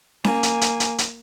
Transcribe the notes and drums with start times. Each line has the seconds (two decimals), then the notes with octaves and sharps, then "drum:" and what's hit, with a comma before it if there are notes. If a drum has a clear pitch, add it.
0.24 A#3 G#5, drum: snare C#4
0.43 drum: hi-hat
0.61 drum: hi-hat
0.80 drum: hi-hat
0.98 drum: hi-hat